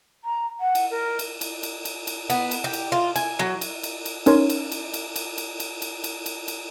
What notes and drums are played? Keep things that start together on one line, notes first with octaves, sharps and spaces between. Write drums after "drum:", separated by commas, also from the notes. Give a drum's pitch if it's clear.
A#5
F#5
drum: cymbal
A#4
drum: cymbal
drum: cymbal
drum: cymbal
drum: cymbal
drum: cymbal
B3, drum: cymbal
drum: cymbal
G4
drum: cymbal
F4
G#5, drum: cymbal
F#3
drum: cymbal
drum: cymbal
drum: cymbal
C#4 D#4 A#4 C#5 C6, drum: cymbal
drum: cymbal
drum: cymbal
drum: cymbal
drum: cymbal
drum: cymbal
drum: cymbal
drum: cymbal
drum: cymbal
drum: cymbal
drum: cymbal